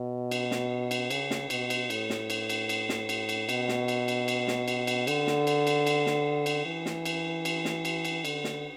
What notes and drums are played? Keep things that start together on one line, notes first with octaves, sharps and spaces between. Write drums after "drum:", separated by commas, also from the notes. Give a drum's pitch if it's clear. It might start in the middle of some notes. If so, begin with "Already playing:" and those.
Already playing: B2
drum: cymbal
drum: snare
drum: cymbal
C#3, drum: cymbal
drum: snare
B2, drum: cymbal
drum: cymbal
A2, drum: cymbal
drum: snare
drum: cymbal
drum: cymbal
drum: cymbal
drum: snare
drum: cymbal
drum: cymbal
B2, drum: cymbal
drum: snare
drum: cymbal
drum: cymbal
drum: cymbal
drum: snare
drum: cymbal
drum: cymbal
D3, drum: cymbal
drum: snare
drum: cymbal
drum: cymbal
drum: cymbal
drum: snare
drum: cymbal
E3
drum: snare
drum: cymbal
drum: cymbal
drum: snare
drum: cymbal
drum: cymbal
D3, drum: cymbal
drum: snare